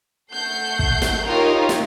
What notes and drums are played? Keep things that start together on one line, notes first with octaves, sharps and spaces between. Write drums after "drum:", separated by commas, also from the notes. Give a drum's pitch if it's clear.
A3 F#5 G6 C7
drum: kick
drum: snare
D#4 F4 G4 A#4 C#5
drum: snare